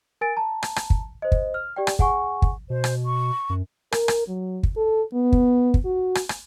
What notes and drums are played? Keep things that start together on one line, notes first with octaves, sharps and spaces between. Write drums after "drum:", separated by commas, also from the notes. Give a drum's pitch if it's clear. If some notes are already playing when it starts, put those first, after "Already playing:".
A#4 G#5 A6 D7
A5 A#5
drum: rim click
drum: rim click
drum: kick
C5 D#5
drum: kick
F6
G4 D5 G5
drum: rim click
G#4 F#5 G#5 C#6, drum: kick
drum: kick
B2 C5
drum: rim click
C#6
F#2
A#4, drum: rim click
drum: rim click
F#3
drum: kick
A4
B3
drum: kick
drum: kick
F#4
drum: rim click
drum: rim click